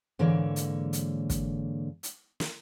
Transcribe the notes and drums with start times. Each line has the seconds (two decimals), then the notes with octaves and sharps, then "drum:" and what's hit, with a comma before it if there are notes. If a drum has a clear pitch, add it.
0.19 G#2 D3 E3 A#3 C#5
0.56 drum: hi-hat
0.93 drum: hi-hat
1.30 drum: kick, hi-hat
2.03 drum: hi-hat
2.40 drum: snare